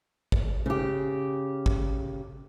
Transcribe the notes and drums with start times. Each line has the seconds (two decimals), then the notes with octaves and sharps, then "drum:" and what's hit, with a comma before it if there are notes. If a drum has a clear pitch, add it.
0.32 drum: kick G#1
0.66 C#3 G4
1.66 drum: kick G#1